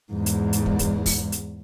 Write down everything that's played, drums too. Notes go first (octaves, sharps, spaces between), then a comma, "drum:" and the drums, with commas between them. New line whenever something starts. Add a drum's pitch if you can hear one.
E2 G#2
drum: hi-hat
drum: hi-hat
drum: kick
drum: kick, hi-hat
drum: kick, open hi-hat
drum: hi-hat